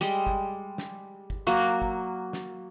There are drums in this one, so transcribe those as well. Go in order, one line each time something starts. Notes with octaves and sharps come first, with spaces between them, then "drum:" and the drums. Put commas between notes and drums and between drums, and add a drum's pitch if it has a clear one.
G3 G#3
drum: kick G1
drum: snare
drum: kick G1
F#3 A#3 F#4
drum: kick G1
drum: snare